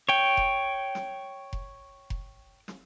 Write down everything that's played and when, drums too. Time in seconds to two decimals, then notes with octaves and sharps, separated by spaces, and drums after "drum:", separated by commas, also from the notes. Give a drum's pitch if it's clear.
0.09 C#5 G5
0.37 drum: kick F1
0.95 drum: snare
1.53 drum: kick F1
2.10 drum: kick F1
2.68 drum: snare